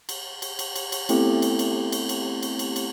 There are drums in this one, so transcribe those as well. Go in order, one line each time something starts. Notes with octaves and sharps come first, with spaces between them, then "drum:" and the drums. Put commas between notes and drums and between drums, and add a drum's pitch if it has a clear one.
drum: cymbal
drum: cymbal
drum: cymbal
drum: cymbal
drum: cymbal
A3 B3 C4 E4 G4 A4, drum: cymbal
drum: cymbal
drum: cymbal
drum: cymbal
drum: cymbal
drum: cymbal
drum: cymbal
drum: cymbal